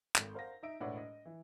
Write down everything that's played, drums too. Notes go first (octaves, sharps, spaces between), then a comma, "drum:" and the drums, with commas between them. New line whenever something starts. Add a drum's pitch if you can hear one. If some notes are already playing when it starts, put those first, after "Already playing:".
G#1 A4 G6, drum: clap
A#4 C5 F5 F#5 A#6
D#4 E5 D7
E1 A2 B4 D5 F#5
D#5
E3